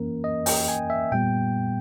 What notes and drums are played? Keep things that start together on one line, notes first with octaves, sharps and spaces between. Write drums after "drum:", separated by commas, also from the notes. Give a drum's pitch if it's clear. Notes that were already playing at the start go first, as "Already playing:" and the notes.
Already playing: E3 A#3 C#4 A#4
D#5
G5, drum: open hi-hat
G#5
E5
A#2 G3 B3 G5